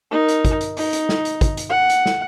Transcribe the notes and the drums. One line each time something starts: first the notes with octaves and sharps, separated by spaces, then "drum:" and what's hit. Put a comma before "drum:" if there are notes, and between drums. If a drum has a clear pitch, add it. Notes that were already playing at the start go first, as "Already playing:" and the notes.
D#4 A#4
drum: hi-hat
drum: kick, hi-hat
drum: hi-hat
D#4, drum: open hi-hat
drum: hi-hat
drum: snare
drum: hi-hat
drum: kick, hi-hat
drum: hi-hat
F#5
drum: hi-hat
drum: snare